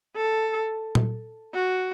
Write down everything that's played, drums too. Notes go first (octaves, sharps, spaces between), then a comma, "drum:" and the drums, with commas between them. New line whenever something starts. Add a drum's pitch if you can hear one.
A4
drum: tom A#2
F#4